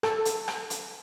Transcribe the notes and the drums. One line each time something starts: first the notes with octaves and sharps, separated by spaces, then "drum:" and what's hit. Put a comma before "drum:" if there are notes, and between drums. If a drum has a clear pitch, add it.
A4, drum: rim click
drum: hi-hat
drum: rim click
drum: hi-hat